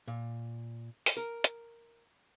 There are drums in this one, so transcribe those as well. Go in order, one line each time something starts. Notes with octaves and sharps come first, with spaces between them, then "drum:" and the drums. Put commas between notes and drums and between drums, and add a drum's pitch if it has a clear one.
A#2
drum: open hi-hat
A#4
drum: hi-hat